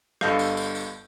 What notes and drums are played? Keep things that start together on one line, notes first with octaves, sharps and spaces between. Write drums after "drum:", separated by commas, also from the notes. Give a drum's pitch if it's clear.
G1 G2 A4 D#5 F5 G6, drum: rim click
drum: tambourine
drum: tambourine
drum: tambourine